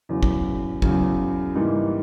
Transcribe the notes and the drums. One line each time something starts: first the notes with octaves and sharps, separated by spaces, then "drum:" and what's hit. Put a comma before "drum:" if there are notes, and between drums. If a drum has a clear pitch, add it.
E2 C#3 F#3
drum: kick
E2 C#3 F#3, drum: kick
G#2 E3 G3 A#3 D#4